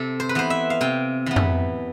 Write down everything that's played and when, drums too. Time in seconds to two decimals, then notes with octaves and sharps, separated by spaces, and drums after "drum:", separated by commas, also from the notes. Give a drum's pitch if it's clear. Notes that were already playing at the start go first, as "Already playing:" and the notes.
Already playing: C3 A4
0.20 C5
0.29 B4
0.35 E3 B3 C5
0.50 E5
0.70 F5
0.81 C3 G5
1.26 E3 B3
1.36 drum: tom F2